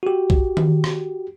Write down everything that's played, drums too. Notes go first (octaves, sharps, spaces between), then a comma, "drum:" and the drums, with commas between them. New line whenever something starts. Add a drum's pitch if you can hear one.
F#4 G4
drum: kick
drum: tom D#3
drum: rim click